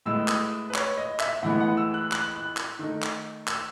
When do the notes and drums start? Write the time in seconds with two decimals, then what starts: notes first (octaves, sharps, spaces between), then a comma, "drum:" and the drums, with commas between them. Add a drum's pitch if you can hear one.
0.06 A2 G#3 B3 E6
0.28 D#6, drum: clap
0.70 B4
0.75 C#5, drum: clap
0.98 D#5
1.20 E5, drum: clap
1.33 E5
1.42 A2 E3 G#3 B3 F#5
1.60 F#5
1.77 E6
1.94 F#6
2.12 F#6, drum: clap
2.36 F#6
2.57 drum: clap
2.79 D#3 A3 D#4
3.03 drum: clap
3.48 E6, drum: clap